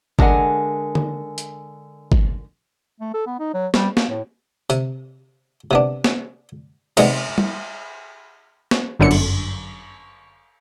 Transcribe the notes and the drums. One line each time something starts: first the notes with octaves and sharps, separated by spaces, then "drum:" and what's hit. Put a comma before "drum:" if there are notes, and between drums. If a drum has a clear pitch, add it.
D3 G#3 A#4 D#5 F#5 G#5, drum: kick
drum: tom
drum: hi-hat
drum: kick
A3
A4
B3
D#4
F#3
G3, drum: snare
A#3, drum: snare
A2
C3, drum: hi-hat
C3 B3 D4
drum: snare
C3 D#3 G3 G#3 B3, drum: cymbal
drum: tom
drum: snare
G1 F#2 D3 C#7
drum: cymbal